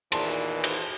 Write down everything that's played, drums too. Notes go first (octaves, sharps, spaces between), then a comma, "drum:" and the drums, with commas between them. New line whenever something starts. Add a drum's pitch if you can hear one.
E2 A#2 D#3 E3 A5 C6, drum: cymbal
drum: cymbal